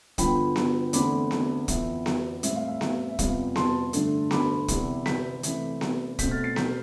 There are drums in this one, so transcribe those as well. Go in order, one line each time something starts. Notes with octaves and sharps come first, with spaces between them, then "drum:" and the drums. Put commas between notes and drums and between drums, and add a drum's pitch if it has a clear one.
G2 D3 F3 B3 G5 B5, drum: kick, hi-hat
drum: snare B3
E2 D3 A3 C4 B5 D6, drum: hi-hat
drum: snare B3
F2 E3 B3 E5, drum: kick, hi-hat
drum: snare B3
A2 G3 C4 E5, drum: hi-hat
F5
E5
F5, drum: snare B3
E5
F2 C3 G3 B3 F5, drum: kick, hi-hat
A5 C6, drum: snare B3
G2 D3 A3, drum: hi-hat
B5 D6, drum: snare B3
E2 C3 E3, drum: kick, hi-hat
G6 B6, drum: snare B3
C3 E3 A3 C4, drum: hi-hat
drum: snare B3
B2 A3 C4 G6 B6, drum: kick, hi-hat
F6 A6
A6 C7
G6 B6, drum: snare B3